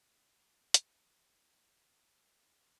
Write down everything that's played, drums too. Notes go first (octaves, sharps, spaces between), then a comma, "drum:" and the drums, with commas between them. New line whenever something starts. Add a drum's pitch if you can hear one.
D4 D5 D6
A4
E4, drum: hi-hat
B4
E6
D6
E4 C5 C6
B4 B5
A4 B4 A5
B4 B5
G4 C5 C6
D5 D6
G4 C5 C6
A4 A5